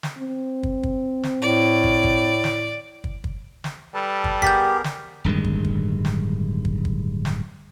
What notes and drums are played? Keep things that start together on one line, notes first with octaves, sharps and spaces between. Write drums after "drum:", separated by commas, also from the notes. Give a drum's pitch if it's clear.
drum: snare
C4
drum: kick
drum: kick
drum: snare
A2 D5
drum: kick
drum: kick
drum: snare
drum: kick
drum: kick
drum: snare
G3 A4 B4 A5
drum: kick
B3 G4 G#4 A#4 G6 A6 B6, drum: kick
drum: snare
D1 G2 D#3 G#3
drum: kick
drum: kick
drum: snare
drum: kick
drum: kick
drum: snare